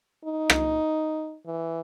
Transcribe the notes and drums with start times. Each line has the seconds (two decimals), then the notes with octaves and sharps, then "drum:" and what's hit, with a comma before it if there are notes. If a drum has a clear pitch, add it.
0.25 D#4
0.50 drum: rim click
1.46 E3